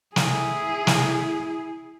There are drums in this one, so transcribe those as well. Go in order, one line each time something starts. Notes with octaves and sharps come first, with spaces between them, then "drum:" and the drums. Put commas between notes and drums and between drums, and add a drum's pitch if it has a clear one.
E4 G#4, drum: snare
drum: snare